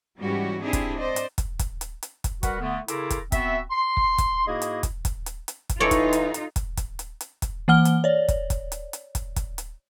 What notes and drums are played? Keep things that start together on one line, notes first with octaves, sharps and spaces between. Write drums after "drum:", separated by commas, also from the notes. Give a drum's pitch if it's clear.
G#2 E3 G3 C#4 F#4 G4
C4 D4 E4 G4 G#4
drum: kick, hi-hat
C5 D5 D#5
drum: hi-hat
drum: kick, hi-hat
drum: kick, hi-hat
drum: hi-hat
drum: hi-hat
drum: kick, hi-hat
G3 F#4 A#4 B4 F#5, drum: kick, hi-hat
D3 A3 B3
C#3 E4 A4 A#4 C6 D6, drum: hi-hat
drum: kick, hi-hat
B3 C4 F#4 E5, drum: kick, hi-hat
C6
drum: kick
drum: kick, hi-hat
G#2 A#3 E4 F#4 G#4 D#5
drum: hi-hat
drum: kick, hi-hat
drum: kick, hi-hat
drum: hi-hat
drum: hi-hat
drum: kick, hi-hat
E3 D#4 F4 A4 C#5 D5
drum: kick, hi-hat
drum: hi-hat
drum: hi-hat
drum: kick, hi-hat
drum: kick, hi-hat
drum: hi-hat
drum: hi-hat
drum: kick, hi-hat
E3 A#3 F#5 F6 G7
drum: hi-hat
C#5 D5
drum: kick, hi-hat
drum: kick, hi-hat
drum: hi-hat
drum: hi-hat
drum: kick, hi-hat
drum: kick, hi-hat
drum: hi-hat